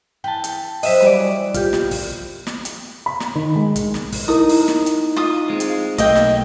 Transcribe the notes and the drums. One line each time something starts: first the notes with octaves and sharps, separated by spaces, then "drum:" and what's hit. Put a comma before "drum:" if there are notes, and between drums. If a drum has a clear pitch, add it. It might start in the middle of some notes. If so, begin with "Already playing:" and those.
E3 G5 A5
drum: hi-hat
F#3 C5 D#5 E5 B6, drum: open hi-hat
E3 G3 F#4 D5
F4 G4, drum: kick, hi-hat
drum: snare
drum: kick, open hi-hat
drum: snare
drum: hi-hat
B5
drum: snare
D#3
G#3
drum: kick, hi-hat
drum: snare
drum: kick, open hi-hat
D#4 E4 A#4 D#6
drum: open hi-hat
drum: snare
drum: hi-hat
F4 D#6
G#3 C4
drum: hi-hat
B1 A3 A#3 D#5 G5, drum: kick, hi-hat
drum: snare